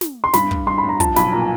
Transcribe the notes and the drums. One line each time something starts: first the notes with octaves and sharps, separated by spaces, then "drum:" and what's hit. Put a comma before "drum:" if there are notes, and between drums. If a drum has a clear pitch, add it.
drum: snare
C6
G2 B5, drum: snare
G2, drum: kick
G2 C6
B5
G2
A#5
F3 A5, drum: kick, hi-hat
B1 B5, drum: snare
A#2 A#5
G#5